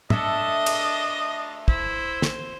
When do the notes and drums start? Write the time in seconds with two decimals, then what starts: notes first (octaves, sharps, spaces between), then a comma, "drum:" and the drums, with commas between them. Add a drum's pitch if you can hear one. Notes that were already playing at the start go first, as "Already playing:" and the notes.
0.10 A3 D4 A4 D#5 E5 A5, drum: tom
0.66 drum: cymbal
1.68 E4 C5, drum: kick
2.22 drum: snare